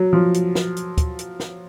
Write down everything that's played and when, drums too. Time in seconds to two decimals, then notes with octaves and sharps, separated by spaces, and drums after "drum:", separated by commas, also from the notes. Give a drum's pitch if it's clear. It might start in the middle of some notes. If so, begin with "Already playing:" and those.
Already playing: F#3
0.13 F3
0.34 drum: hi-hat
0.55 drum: snare
0.76 drum: hi-hat
0.98 drum: kick, hi-hat
1.19 drum: hi-hat
1.40 drum: snare